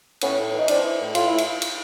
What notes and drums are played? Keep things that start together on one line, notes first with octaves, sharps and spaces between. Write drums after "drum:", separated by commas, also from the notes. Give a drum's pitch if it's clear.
A2 B3 C#4, drum: cymbal
A2
E3
D#4
E3 C4 D4, drum: cymbal
E3
A2
A2 F4, drum: cymbal
A2 E4
drum: cymbal
drum: cymbal